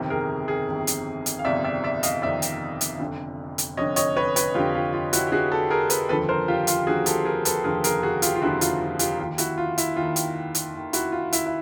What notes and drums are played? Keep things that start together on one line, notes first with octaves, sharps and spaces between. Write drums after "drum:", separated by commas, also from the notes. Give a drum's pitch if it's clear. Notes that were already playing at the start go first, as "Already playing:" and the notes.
Already playing: G1 F2 C3 D#3
G#4 A#4
G#4 A#4
G1 F2 C3 D#3
drum: hi-hat
drum: hi-hat
F5
G1 F2 C3 D#3 D5 E5
D5 E5
D5 E5
D#5 F5, drum: hi-hat
G1 F2 C3 D#3 D5 E5
drum: hi-hat
drum: hi-hat
F1 F2 D3
drum: hi-hat
F1 F2 D3 C#5 D#5
C#5 D#5, drum: hi-hat
B4 C#5
B4 C#5, drum: hi-hat
F1 F2 D3 F4 G4
F4 G4
F4
E4 F#4, drum: hi-hat
G4
F1 F2 D3 F#4 G#4
G4 A4
G#4 A#4
A4 B4, drum: hi-hat
F1 D#2 D3 F3 A4 B4
A#4 C5
F4 G4
F4 G4, drum: hi-hat
F1 D#2 D3 F3 F#4 G#4
G4 A4, drum: hi-hat
G#4 A#4
A4 B4, drum: hi-hat
F1 D#2 D3 F3 G#4 A#4
G#4 A#4, drum: hi-hat
F#4 G#4
F4 G4, drum: hi-hat
F4
F1 D#2 D3 F3 E4 F#4
F4, drum: hi-hat
F4
F4 G4, drum: hi-hat
D#2 D#3 F4 G4
E4 F#4, drum: hi-hat
F4
E4, drum: hi-hat
D#2 D#3 F4
drum: hi-hat
drum: hi-hat
D#2 D#3
E4 F#4, drum: hi-hat
F4
E4, drum: hi-hat
E4